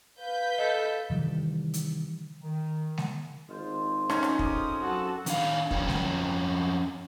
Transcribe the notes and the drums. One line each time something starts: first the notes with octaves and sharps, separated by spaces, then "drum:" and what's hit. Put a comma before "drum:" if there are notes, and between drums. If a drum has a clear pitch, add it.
B4 F5 G6 B6
A4 D#5
C3 D#3 E3 G3
drum: hi-hat
D#3
drum: snare G#3
G#1 G#3 F4 C5
C3 A3 C#4 D#4 A4, drum: rim click
drum: rim click
C4 G4 D#6, drum: kick
F#2 F#4 A4
D#3 D4 F5, drum: hi-hat
F2 C#4 A#4 C#5 G5, drum: kick
drum: snare G#3